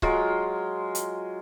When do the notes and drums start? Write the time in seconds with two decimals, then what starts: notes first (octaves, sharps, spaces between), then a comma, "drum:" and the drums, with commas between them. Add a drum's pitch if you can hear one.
0.02 F#3 G#3 F4, drum: kick C#1
0.95 drum: hi-hat